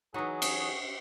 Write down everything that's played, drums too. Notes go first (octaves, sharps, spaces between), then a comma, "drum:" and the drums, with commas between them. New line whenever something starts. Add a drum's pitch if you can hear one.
E3 F#3 D#4 G#4 F#5 C#6 D#6
drum: cymbal